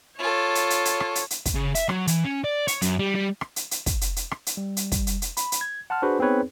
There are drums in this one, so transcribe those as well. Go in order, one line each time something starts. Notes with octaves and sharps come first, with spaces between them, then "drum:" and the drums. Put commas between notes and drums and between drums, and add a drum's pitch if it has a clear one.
F4 A4 C#5
drum: hi-hat
drum: hi-hat
drum: hi-hat
drum: rim click
drum: hi-hat
drum: hi-hat
drum: kick, hi-hat
C#3
E5, drum: hi-hat
F#3, drum: rim click
E3, drum: hi-hat
C#4
D5
C#5, drum: hi-hat
F#2, drum: hi-hat
G3
G3
drum: rim click
drum: hi-hat
drum: hi-hat
drum: kick, hi-hat
drum: hi-hat
drum: hi-hat
drum: rim click
drum: hi-hat
G3
drum: hi-hat
drum: kick, hi-hat
drum: hi-hat
drum: hi-hat
B5, drum: hi-hat
drum: hi-hat
G#6
F#5 A5 C6 F6
D4 F#4 G#4 B4 C5
B3 C4 D#4 G#4 B4 C#5